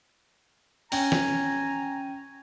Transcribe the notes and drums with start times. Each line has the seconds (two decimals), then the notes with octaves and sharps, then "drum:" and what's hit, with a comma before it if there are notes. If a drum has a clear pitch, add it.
0.92 C#4 G5 G#5 A#5, drum: open hi-hat
1.12 drum: snare